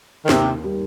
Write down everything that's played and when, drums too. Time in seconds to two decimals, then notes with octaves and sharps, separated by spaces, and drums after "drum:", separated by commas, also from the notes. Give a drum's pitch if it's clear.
0.24 D#3
0.29 D#2 C3, drum: snare
0.64 G3